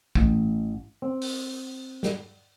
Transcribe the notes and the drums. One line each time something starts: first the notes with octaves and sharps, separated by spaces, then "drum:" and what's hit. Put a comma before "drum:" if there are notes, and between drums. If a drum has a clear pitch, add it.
A1, drum: kick
C4
drum: open hi-hat
drum: snare